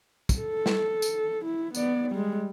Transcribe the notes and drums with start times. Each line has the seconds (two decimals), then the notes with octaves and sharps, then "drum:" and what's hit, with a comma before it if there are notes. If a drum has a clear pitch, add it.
0.29 drum: kick, tambourine
0.39 A4
0.66 drum: snare
1.02 drum: tambourine
1.45 E4
1.75 B3 D5, drum: tambourine
2.12 G3 G#3